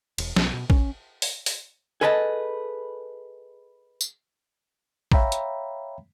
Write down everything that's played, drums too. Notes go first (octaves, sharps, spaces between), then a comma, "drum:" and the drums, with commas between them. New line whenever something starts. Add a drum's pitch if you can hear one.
E1, drum: cymbal
B1, drum: snare
B2
C#4, drum: kick
drum: open hi-hat
drum: open hi-hat
G#4 A4 B4 D#5 E5 A5
drum: tambourine
C#5 E5 F5 G5 A#5 B5, drum: kick
drum: hi-hat